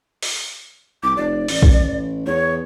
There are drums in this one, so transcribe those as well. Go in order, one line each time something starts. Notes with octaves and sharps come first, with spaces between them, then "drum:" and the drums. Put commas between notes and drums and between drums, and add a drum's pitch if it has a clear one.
drum: open hi-hat
C2 D6
F1 D5
A1, drum: open hi-hat
drum: kick B1
E2 C#5